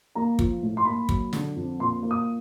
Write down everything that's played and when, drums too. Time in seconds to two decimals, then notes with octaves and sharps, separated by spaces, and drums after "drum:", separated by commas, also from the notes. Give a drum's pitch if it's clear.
0.15 A#3 A#5
0.39 F3, drum: kick
0.63 A2
0.77 C6
0.85 A#3 B5
1.09 F#3, drum: kick
1.33 D3, drum: snare
1.56 F2
1.79 A#2 C6
2.03 A#3
2.11 D#6